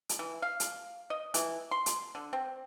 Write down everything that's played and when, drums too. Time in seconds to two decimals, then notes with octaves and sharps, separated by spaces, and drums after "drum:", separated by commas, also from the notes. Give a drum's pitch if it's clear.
0.09 drum: hi-hat
0.19 E3
0.42 F5
0.60 drum: hi-hat
1.10 D#5
1.34 E3, drum: hi-hat
1.71 C6
1.86 drum: hi-hat
2.15 D3
2.33 C4